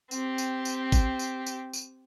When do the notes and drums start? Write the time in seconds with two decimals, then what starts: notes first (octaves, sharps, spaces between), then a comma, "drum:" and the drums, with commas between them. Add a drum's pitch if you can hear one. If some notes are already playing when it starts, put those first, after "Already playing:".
0.11 C4 G4, drum: tambourine
0.38 drum: tambourine
0.65 drum: tambourine
0.92 drum: kick, tambourine
1.19 drum: tambourine
1.46 drum: tambourine
1.73 drum: tambourine